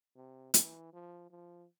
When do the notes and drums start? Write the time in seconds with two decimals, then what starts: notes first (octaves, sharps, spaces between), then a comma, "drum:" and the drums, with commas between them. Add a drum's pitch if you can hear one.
0.16 C3
0.54 E3, drum: hi-hat
0.93 F3
1.30 F3